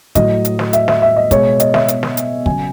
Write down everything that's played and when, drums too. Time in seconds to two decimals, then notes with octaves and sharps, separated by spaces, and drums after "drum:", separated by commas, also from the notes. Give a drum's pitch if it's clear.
0.15 A2 F#3 D#5, drum: kick, hi-hat
0.45 drum: hi-hat
0.59 drum: snare
0.73 E5, drum: hi-hat
0.88 E5, drum: snare
1.02 E5
1.16 D#5
1.31 B2 G#3 C#5, drum: kick, hi-hat
1.60 D#5, drum: hi-hat
1.74 E5, drum: snare
1.88 drum: hi-hat
2.03 drum: snare
2.17 drum: hi-hat
2.46 C#3 F#3 G#5, drum: kick